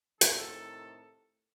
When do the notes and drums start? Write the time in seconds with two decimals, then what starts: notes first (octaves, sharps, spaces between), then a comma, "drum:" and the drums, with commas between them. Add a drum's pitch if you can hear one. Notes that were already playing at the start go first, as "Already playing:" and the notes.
0.21 A2 C3 D#3 A4, drum: hi-hat